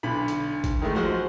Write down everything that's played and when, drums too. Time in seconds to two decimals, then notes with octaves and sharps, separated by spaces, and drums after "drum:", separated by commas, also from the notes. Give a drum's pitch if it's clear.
0.03 B1 D3 B5
0.28 drum: hi-hat
0.64 drum: kick, hi-hat
0.82 D#3 G#3 A3
0.95 F3 G#3 F#4 C5